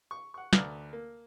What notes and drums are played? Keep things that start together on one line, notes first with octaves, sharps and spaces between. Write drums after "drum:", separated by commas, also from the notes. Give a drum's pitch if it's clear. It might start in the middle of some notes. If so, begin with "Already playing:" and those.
C#6
F#5 C#6
D2 B4 D5 A#5 F6, drum: snare
A#3